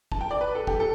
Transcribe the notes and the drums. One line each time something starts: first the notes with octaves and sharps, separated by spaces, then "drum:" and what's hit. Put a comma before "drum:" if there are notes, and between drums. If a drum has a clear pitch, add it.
A5, drum: kick
G5
D5
B4
A4
G4, drum: kick
A4